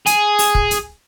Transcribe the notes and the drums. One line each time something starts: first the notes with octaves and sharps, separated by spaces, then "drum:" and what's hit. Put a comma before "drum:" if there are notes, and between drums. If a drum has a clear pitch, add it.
G#4, drum: hi-hat
drum: open hi-hat
drum: kick
drum: hi-hat